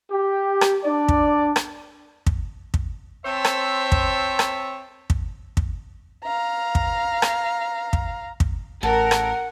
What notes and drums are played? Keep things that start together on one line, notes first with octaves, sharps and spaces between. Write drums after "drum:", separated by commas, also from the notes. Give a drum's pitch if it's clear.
G4
drum: rim click
D4 D5
drum: kick
drum: rim click
drum: kick
drum: kick
C4 C5 C#5 E5 A5
drum: rim click
drum: kick
drum: rim click
drum: kick
drum: kick
F5 A#5
drum: kick
drum: rim click
drum: kick
drum: kick
A1 A4 A#4 F#5
drum: rim click